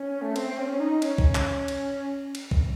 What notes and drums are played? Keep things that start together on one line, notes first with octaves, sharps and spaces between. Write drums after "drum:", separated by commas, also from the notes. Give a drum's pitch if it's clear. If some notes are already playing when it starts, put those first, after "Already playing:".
Already playing: C#4
A3
C4, drum: cymbal
C4
C#4
C#4
D#4
C#4, drum: cymbal
drum: kick
drum: clap
drum: cymbal
drum: cymbal
drum: kick